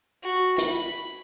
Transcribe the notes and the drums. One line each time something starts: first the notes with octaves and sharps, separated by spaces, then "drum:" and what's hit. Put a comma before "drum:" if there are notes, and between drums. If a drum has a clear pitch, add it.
F#4
B5, drum: hi-hat